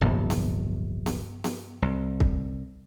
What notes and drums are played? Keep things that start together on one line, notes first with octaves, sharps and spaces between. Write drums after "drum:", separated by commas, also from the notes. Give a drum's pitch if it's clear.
D1 A#1 G2 C3 B3
drum: snare B3
drum: snare B3
drum: snare B3
C2
drum: kick C2